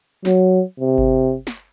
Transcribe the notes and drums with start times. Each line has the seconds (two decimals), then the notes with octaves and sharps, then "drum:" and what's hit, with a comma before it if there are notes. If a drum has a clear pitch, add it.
0.25 F#3, drum: snare
0.80 C3
0.98 drum: kick G1
1.47 drum: snare